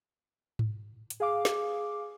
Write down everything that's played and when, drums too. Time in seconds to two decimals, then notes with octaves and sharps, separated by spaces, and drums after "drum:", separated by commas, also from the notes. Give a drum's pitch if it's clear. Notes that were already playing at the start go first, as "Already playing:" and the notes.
0.59 drum: tom G#2
1.10 drum: hi-hat
1.20 G#4 F5 D6
1.45 drum: snare